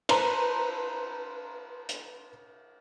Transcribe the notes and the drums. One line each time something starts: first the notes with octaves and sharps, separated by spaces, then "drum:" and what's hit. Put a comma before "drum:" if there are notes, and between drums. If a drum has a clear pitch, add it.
B4 C5 A5 A#5, drum: cymbal
drum: hi-hat